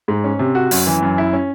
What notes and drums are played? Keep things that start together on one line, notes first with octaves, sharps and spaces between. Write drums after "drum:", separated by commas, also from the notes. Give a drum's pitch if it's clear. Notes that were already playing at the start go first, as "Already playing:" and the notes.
G#2
C#4
C3
F#4
F#2, drum: open hi-hat
E3
F#2
E4
C#4